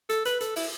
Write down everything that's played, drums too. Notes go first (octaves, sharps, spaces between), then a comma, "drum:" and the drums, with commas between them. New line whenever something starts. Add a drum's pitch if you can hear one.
A4, drum: hi-hat
B4, drum: hi-hat
A4, drum: hi-hat
E4, drum: open hi-hat